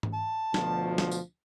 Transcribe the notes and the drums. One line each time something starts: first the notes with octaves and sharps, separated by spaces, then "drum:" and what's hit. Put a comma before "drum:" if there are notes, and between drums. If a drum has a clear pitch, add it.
drum: tom G#2
A5
D2 B2 F3, drum: snare
drum: snare
drum: tambourine